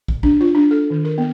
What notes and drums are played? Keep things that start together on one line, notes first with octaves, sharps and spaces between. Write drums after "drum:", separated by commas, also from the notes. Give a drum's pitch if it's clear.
drum: kick
D4, drum: kick
F4
D4
A4
D#3
A#4
B3